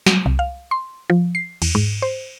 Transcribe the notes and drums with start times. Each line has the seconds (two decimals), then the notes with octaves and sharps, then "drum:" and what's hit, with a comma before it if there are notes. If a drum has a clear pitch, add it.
0.06 F#3, drum: snare
0.26 C2
0.39 F5
0.71 C6
1.10 F3
1.35 C7
1.62 E2, drum: cymbal
1.75 G#2
2.02 C5